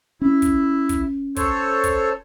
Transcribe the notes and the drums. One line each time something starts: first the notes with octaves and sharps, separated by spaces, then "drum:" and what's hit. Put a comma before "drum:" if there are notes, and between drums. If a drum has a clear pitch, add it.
C#4 E4
drum: kick, hi-hat
drum: kick, hi-hat
A4 C5 C#5, drum: kick, hi-hat
drum: kick, hi-hat